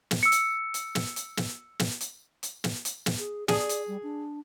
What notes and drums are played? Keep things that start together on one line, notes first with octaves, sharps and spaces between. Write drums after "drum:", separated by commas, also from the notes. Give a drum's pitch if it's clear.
drum: snare
E6 C#7
drum: hi-hat
drum: hi-hat
drum: snare
drum: hi-hat
drum: snare
drum: snare
drum: hi-hat
drum: hi-hat
drum: snare
drum: hi-hat
drum: snare
G#4
G#4 D5, drum: snare
drum: hi-hat
G3
D4